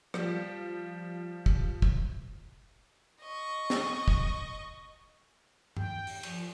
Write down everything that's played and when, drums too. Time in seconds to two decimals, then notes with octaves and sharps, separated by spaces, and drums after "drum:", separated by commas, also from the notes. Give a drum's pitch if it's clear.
0.14 F3 G3, drum: rim click
1.46 drum: kick
1.82 drum: kick
3.22 D#5 C#6
3.70 drum: snare
4.08 drum: kick
5.77 G5, drum: tom G2
6.07 drum: open hi-hat
6.23 F3, drum: cymbal